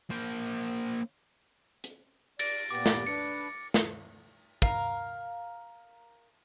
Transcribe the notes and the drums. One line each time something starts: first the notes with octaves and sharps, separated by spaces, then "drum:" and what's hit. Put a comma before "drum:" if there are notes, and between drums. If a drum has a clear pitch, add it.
A#3 C5
drum: hi-hat
D5 A6 A#6 D7, drum: cymbal
A#2 B3 G4 D6 A6
drum: snare
D4 B4 C#7
drum: snare
A#4 F5, drum: kick